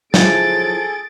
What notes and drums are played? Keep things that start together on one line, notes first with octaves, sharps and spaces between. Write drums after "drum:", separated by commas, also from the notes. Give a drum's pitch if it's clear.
F3 F#3 E4 F4 G#4 A4 A6 D7, drum: snare